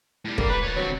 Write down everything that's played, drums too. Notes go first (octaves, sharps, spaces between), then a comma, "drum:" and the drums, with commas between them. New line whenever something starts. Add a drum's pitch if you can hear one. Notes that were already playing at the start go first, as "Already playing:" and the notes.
A2 G3
D3 G3 A#3, drum: kick
B4
F4 C#5
D3 F#3 C4 F#4 C#5